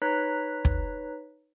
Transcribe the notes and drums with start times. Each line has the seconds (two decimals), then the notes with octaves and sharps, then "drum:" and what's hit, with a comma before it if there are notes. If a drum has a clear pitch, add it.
0.02 D#4 B4 C#5 A#5 F#6 B6
0.65 drum: kick